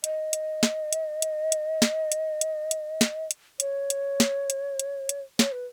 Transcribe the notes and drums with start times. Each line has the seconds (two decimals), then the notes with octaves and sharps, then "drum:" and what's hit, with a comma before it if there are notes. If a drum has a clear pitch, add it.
0.04 D#5, drum: hi-hat
0.33 drum: hi-hat
0.63 drum: snare
0.93 drum: hi-hat
1.22 drum: hi-hat
1.52 drum: hi-hat
1.82 drum: snare
2.12 drum: hi-hat
2.41 drum: hi-hat
2.71 drum: hi-hat
3.01 drum: snare
3.31 drum: hi-hat
3.60 C#5, drum: hi-hat
3.90 drum: hi-hat
4.20 drum: snare
4.50 drum: hi-hat
4.79 drum: hi-hat
5.09 drum: hi-hat
5.39 C#5, drum: snare
5.52 B4